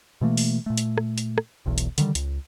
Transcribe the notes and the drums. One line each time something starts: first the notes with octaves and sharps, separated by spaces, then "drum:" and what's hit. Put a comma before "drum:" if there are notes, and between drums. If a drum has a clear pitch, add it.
B2 E3 A3 A#3
drum: open hi-hat
A#2 A3
drum: hi-hat
drum: rim click
drum: hi-hat
drum: rim click
E1 B1 E2
drum: hi-hat
D3 D#3 G3, drum: hi-hat
C#2, drum: hi-hat